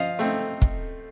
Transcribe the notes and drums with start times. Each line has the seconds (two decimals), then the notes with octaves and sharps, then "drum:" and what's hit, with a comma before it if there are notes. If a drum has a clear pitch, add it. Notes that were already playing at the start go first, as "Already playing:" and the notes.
Already playing: F3 D#5 F5
0.19 A3 C4 D#4
0.62 drum: kick